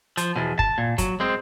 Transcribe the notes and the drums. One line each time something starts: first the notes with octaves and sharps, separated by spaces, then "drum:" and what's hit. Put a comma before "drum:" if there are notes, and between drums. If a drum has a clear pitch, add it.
F3, drum: hi-hat
E2 B2
A5, drum: kick
A#2
F#3, drum: kick, hi-hat
G#3 C4